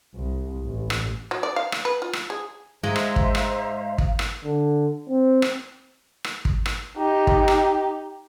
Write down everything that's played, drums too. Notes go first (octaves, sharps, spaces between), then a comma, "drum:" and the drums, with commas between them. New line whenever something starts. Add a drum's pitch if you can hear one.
C2
A1
drum: rim click
F#3
D5
F5
drum: rim click
B4
F4
drum: rim click
G#4
G#2 G#3 C5 E5 F5 A#5
drum: rim click
drum: kick
F5, drum: rim click
drum: kick
drum: rim click
D3
C4
drum: rim click
drum: rim click
drum: kick
drum: rim click
D#4 G4
drum: kick
drum: rim click